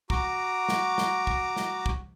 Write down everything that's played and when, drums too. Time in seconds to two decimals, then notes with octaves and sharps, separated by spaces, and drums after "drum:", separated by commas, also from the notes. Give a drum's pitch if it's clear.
0.10 F#4 A#5 D6, drum: kick
0.69 drum: snare
0.98 drum: snare
1.27 drum: kick
1.56 drum: snare
1.86 drum: kick